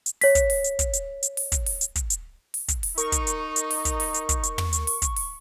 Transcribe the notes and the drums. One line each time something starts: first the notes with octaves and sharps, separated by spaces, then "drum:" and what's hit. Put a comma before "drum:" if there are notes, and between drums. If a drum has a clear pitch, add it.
drum: hi-hat
C#5 B6, drum: open hi-hat
drum: kick, hi-hat
drum: open hi-hat
drum: hi-hat
drum: kick, hi-hat
drum: hi-hat
drum: hi-hat
drum: open hi-hat
drum: kick, hi-hat
drum: open hi-hat
drum: hi-hat
drum: kick, hi-hat
drum: hi-hat
drum: open hi-hat
drum: kick, hi-hat
drum: open hi-hat
D#4 A#4 C#6, drum: hi-hat
drum: kick, hi-hat
drum: hi-hat
drum: hi-hat
drum: open hi-hat
drum: kick, hi-hat
drum: open hi-hat
drum: hi-hat
drum: kick, hi-hat
drum: hi-hat
drum: tom
drum: hi-hat
drum: open hi-hat
drum: kick, hi-hat
drum: open hi-hat